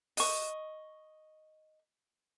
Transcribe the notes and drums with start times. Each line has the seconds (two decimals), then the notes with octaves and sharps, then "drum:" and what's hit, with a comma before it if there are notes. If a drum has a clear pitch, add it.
0.17 D#5 C#6, drum: open hi-hat